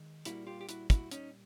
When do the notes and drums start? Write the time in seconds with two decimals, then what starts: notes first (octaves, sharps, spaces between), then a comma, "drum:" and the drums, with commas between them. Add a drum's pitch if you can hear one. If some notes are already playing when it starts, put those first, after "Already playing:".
Already playing: D#3 G#3
0.25 A#2 G3 A#3 E4 F#4, drum: hi-hat
0.47 F4 G4
0.61 G4
0.69 E4 F#4, drum: hi-hat
0.90 E4 F#4, drum: kick, hi-hat
1.11 C#4 D#4, drum: hi-hat